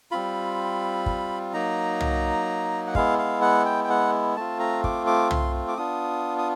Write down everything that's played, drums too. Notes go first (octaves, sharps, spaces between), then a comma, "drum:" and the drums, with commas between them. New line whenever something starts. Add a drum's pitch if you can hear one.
G3 C4 F4 B5
drum: kick
F#3 A#3 D#4 A#5
drum: tom
F#5
G#3 B3 E4 F5, drum: kick
F5
F#5
G5
G5
F#5
A3 C4 F4 A5
A#5
D6, drum: kick
D6
C6, drum: tom
D6
B3 D4 F4 D#6
D#6